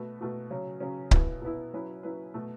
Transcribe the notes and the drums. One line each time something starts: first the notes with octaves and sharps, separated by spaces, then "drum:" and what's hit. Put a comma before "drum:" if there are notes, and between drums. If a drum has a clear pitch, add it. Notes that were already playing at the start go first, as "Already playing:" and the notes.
Already playing: B2 A3 F#4 B4
B2 A3 F#4 B4
C#3 F#3 C#4
C#3 F#3 C#4
B2 B3 E4, drum: kick C#1
B2 B3 E4
F#3 C#4 E4 B4
F#3 C#4 E4 B4
B2 A3